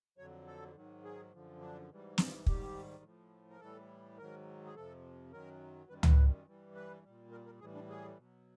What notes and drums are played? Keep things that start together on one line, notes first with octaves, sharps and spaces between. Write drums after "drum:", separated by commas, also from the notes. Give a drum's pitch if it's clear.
F2 D3 F#3 C#5
A4
G#2 D#3 F#3
G#4
F#2 D3 F3
D4
G#2 E3 G3
E4, drum: snare
F4
G#2 D#3 G3 G4, drum: kick
A2 F3
A#4
A2 E3 G3 A4
G#2 D#3 F#3 A#4
G#4
F2 C3 F3 A4
F#2 D#3 F#3 A#4
F#2 D#3 G3 B4
B4, drum: tom C#2
G2 E3 G3
B4
A#2 G3
A#4
A#4
A2 E3 G3 G#4
D4
G#4
B2 F#3